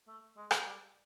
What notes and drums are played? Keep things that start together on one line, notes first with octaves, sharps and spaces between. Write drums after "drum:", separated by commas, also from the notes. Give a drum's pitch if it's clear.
A3
G#3
drum: rim click
G3